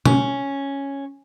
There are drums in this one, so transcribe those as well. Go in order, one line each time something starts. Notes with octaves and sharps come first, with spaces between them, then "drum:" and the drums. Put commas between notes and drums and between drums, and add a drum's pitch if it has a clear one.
C#4, drum: tom B2